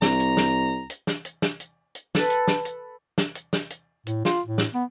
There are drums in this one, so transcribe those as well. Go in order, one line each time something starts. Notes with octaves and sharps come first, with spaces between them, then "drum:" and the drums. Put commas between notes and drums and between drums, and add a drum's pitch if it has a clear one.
C2 A#5, drum: snare
drum: hi-hat
drum: snare
drum: hi-hat
drum: snare
drum: hi-hat
drum: snare
drum: hi-hat
drum: hi-hat
A4 B4, drum: snare
drum: hi-hat
drum: snare
drum: hi-hat
drum: snare
drum: hi-hat
drum: snare
drum: hi-hat
A2, drum: hi-hat
F4, drum: snare
A2
drum: snare
B3